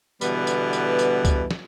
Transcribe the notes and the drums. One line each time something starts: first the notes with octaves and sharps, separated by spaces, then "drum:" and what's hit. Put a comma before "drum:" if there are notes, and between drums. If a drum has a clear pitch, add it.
B2 D3 E3 G3 B3, drum: tambourine
drum: tambourine
drum: tambourine
drum: tambourine
drum: kick C#2, tambourine
drum: snare